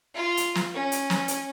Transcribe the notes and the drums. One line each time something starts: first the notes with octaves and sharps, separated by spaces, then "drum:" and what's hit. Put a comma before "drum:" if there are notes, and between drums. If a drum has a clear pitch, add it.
F4
drum: hi-hat
drum: snare
C#4
drum: hi-hat
drum: snare
drum: hi-hat